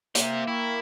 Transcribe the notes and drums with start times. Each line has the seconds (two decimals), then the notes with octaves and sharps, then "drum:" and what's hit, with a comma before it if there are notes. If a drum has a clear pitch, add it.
0.15 A#3 G4 A#4 C5 E5, drum: hi-hat
0.48 E4 G5 C#6